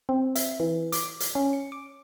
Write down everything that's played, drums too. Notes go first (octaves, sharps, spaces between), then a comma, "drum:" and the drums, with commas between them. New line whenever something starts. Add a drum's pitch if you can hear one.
C4
E5, drum: hi-hat
E3
D6, drum: hi-hat
drum: hi-hat
C#4
C#7
D6